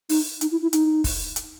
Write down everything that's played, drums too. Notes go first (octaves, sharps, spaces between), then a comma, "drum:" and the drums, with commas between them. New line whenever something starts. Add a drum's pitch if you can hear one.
D#4, drum: open hi-hat
D#4, drum: hi-hat
E4
E4
D#4, drum: hi-hat
drum: kick, open hi-hat
drum: hi-hat